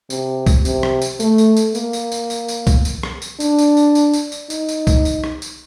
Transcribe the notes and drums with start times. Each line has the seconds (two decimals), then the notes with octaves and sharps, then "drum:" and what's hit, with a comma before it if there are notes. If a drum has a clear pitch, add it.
0.10 C3, drum: tambourine
0.46 drum: kick C2, tambourine
0.65 C3, drum: tambourine
0.83 drum: rim click
1.02 drum: tambourine
1.20 A3, drum: tambourine
1.38 drum: tambourine
1.57 drum: tambourine
1.75 A#3, drum: tambourine
1.93 drum: tambourine
2.12 drum: tambourine
2.30 drum: tambourine
2.48 drum: tambourine
2.67 drum: kick C2, tambourine
2.85 drum: tambourine
3.03 drum: rim click
3.22 drum: tambourine
3.40 D4, drum: tambourine
3.58 drum: tambourine
3.77 drum: tambourine
3.95 drum: tambourine
4.14 drum: tambourine
4.32 drum: tambourine
4.50 D#4, drum: tambourine
4.69 drum: tambourine
4.87 drum: kick C2, tambourine
5.05 drum: tambourine
5.24 drum: rim click
5.42 drum: tambourine